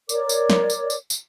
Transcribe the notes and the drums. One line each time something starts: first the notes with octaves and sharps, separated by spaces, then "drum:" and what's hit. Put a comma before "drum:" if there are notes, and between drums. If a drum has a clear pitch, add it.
A#4 C#5 D5 D6, drum: tambourine
drum: tambourine
drum: snare
drum: tambourine
drum: tambourine
drum: tambourine